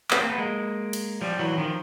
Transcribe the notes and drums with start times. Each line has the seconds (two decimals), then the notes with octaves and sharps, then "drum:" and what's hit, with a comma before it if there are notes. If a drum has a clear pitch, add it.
0.11 A3 B3, drum: clap
0.20 A#3 C4
0.29 A3 B3
0.38 G#3 A#3
0.93 drum: cymbal
1.21 F3 G3
1.39 E3 F#3
1.57 D#3 F3